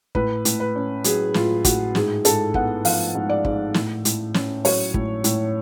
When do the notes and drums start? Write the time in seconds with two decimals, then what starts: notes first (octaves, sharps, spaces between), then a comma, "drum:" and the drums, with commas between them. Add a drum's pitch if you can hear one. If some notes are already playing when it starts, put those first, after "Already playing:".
0.15 A2 B4, drum: kick
0.45 A2, drum: hi-hat
0.60 B4
0.76 C#4
1.04 F#3 G#4, drum: hi-hat
1.34 A2 F4, drum: snare
1.65 A2 F#4, drum: kick, hi-hat
1.95 G#2 G#4, drum: snare
2.25 G#2 A4, drum: hi-hat
2.54 B3 F#5, drum: kick
2.85 F3 F5, drum: open hi-hat
3.15 G#2
3.29 D5
3.45 G#2, drum: kick
3.74 A2, drum: snare
4.05 A2, drum: hi-hat
4.34 C#4, drum: snare
4.65 F#3 C#5, drum: open hi-hat
4.94 A2, drum: kick
5.24 A2, drum: hi-hat